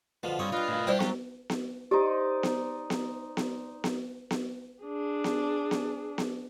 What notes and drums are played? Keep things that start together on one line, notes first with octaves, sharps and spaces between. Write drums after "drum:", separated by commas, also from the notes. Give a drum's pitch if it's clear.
B2 D3 F3 F4
G2 C4 C#5 C#6 D#6
G3 D4 F4 B4 D#5 F5
A2 F4
G3 D4 E4 F4 G4 C5 D5
F#3, drum: snare B3
drum: snare B3
D#4 G4 C5 D5
drum: snare B3
drum: snare B3
drum: snare B3
drum: snare B3
drum: snare B3
D4 G#4
drum: snare B3
drum: snare B3
drum: snare B3